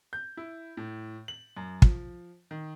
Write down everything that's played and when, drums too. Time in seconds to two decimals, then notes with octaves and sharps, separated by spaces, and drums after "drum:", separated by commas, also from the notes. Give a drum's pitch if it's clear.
0.13 G6
0.37 E4
0.77 A2
1.28 F#7
1.57 F#2
1.82 F3, drum: kick
2.51 D#3